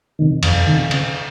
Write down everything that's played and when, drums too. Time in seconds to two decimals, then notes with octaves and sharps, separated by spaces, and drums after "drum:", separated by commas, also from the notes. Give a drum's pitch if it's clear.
0.19 C3 D#3
0.43 F2, drum: cymbal
0.67 C3 D#3
0.91 C#3, drum: cymbal